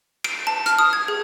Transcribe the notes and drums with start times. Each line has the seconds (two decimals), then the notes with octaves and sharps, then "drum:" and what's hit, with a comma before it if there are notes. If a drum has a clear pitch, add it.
0.24 D7, drum: cymbal
0.47 A5
0.66 F6, drum: hi-hat
0.79 D#6
0.93 G#6
1.08 G#4